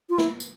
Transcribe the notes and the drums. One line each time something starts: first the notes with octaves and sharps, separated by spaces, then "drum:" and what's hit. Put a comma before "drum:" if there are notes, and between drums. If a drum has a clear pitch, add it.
F4
E4, drum: snare
drum: tambourine